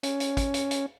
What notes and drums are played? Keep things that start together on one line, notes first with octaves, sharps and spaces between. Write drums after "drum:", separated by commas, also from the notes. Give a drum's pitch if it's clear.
C#4, drum: hi-hat
drum: hi-hat
drum: kick, hi-hat
drum: hi-hat
drum: hi-hat